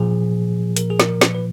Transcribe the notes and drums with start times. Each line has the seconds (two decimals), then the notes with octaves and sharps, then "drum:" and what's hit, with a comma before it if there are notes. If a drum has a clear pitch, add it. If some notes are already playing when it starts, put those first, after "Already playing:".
Already playing: A#2 F3 G#4
0.76 A#4, drum: hi-hat
0.90 G#4
1.00 A#4, drum: snare
1.21 B4, drum: snare
1.35 B4